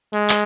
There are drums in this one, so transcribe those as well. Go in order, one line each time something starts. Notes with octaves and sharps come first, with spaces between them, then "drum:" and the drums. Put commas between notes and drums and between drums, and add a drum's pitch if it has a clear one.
G#3, drum: hi-hat
drum: clap